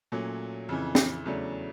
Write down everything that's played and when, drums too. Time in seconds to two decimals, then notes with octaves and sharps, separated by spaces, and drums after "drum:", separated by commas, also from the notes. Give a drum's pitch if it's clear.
0.12 A#2 F#3 A3 C#4
0.69 F2 C#3 E3
0.95 drum: snare
1.25 E2 C#3 F#3 A3 D4